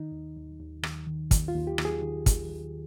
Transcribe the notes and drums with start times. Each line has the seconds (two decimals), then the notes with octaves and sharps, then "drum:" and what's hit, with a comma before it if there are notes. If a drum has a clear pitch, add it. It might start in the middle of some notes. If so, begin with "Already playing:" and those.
Already playing: D#3 D#4
0.12 D#2
0.36 D#2
0.59 D#2
0.83 D#2, drum: rim click
1.07 D#3
1.31 D#2, drum: kick, hi-hat
1.48 F4
1.55 D#2
1.67 G4
1.78 D#2, drum: rim click
1.85 G#4
2.02 D#3
2.26 D#2, drum: kick, hi-hat
2.50 D#2